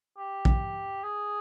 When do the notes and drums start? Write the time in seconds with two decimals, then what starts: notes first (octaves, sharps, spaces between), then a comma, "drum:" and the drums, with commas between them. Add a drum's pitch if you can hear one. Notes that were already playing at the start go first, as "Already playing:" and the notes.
0.17 G4
0.45 drum: kick A#1
1.03 G#4